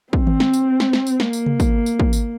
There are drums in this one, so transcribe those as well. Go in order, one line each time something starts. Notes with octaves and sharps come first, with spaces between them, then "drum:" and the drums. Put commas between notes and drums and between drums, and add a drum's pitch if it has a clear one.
C4, drum: kick
drum: tom D#3
drum: snare
drum: tambourine
drum: snare
drum: snare
drum: tambourine
A#3, drum: snare
drum: tambourine
drum: tom C3
drum: kick, tambourine
drum: tambourine
drum: kick
drum: tambourine